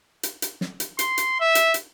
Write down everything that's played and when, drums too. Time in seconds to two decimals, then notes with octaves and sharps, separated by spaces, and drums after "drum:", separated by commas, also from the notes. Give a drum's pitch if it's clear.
0.23 drum: hi-hat
0.42 drum: hi-hat
0.61 drum: snare
0.80 drum: hi-hat
0.99 C6, drum: hi-hat
1.18 drum: hi-hat
1.40 E5
1.55 drum: hi-hat
1.74 drum: hi-hat